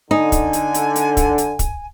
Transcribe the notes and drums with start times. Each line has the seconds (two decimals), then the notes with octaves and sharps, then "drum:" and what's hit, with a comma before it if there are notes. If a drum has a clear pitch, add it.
0.11 D3 D#4 G#5
0.32 drum: kick, hi-hat
0.53 drum: hi-hat
0.74 drum: hi-hat
0.96 drum: hi-hat
1.17 drum: kick, hi-hat
1.38 drum: hi-hat
1.59 drum: kick, hi-hat